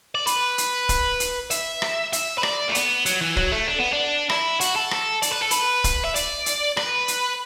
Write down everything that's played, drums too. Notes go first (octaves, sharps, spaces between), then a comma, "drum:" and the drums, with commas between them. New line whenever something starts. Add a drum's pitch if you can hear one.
D5
B4, drum: hi-hat
drum: hi-hat
drum: kick, hi-hat
drum: hi-hat
E5, drum: hi-hat
drum: rim click
E5, drum: hi-hat
B4
D5, drum: rim click
A3
B3, drum: hi-hat
F#3, drum: hi-hat
E3
F#3, drum: kick
A3
D4
B3
D4
E4, drum: rim click
F#4, drum: hi-hat
A4
drum: rim click
D5, drum: hi-hat
B4
A4
B4, drum: hi-hat
drum: kick, hi-hat
E5
D5, drum: hi-hat
drum: hi-hat
B4, drum: rim click
drum: hi-hat